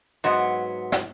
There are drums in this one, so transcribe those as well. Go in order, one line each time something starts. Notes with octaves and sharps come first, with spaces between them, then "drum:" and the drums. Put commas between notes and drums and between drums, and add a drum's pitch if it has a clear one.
G#2 F#3 B3
drum: snare